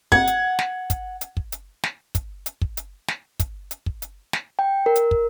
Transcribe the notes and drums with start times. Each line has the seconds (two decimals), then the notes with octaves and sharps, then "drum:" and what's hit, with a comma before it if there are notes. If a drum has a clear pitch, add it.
0.12 F#5 G#6, drum: kick
0.27 drum: hi-hat
0.59 drum: snare
0.90 drum: kick, hi-hat
1.21 drum: hi-hat
1.37 drum: kick
1.52 drum: hi-hat
1.83 drum: snare
2.15 drum: kick, hi-hat
2.46 drum: hi-hat
2.61 drum: kick
2.77 drum: hi-hat
3.08 drum: snare
3.40 drum: kick, hi-hat
3.71 drum: hi-hat
3.86 drum: kick
4.02 drum: hi-hat
4.33 drum: snare
4.59 G5
4.86 A#4
4.96 drum: hi-hat
5.11 drum: kick